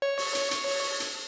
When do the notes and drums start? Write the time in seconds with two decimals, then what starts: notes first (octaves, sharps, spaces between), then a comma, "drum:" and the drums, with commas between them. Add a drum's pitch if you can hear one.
0.02 C#5
0.18 drum: open hi-hat
0.35 drum: hi-hat
0.51 drum: hi-hat
0.67 drum: open hi-hat
0.84 drum: open hi-hat
1.00 drum: hi-hat